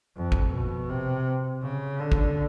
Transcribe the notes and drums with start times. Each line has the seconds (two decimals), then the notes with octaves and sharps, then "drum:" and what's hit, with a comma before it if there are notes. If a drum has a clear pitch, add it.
0.17 F2
0.32 drum: kick
0.53 B2
0.89 C3
1.62 C#3
2.00 D3
2.12 drum: kick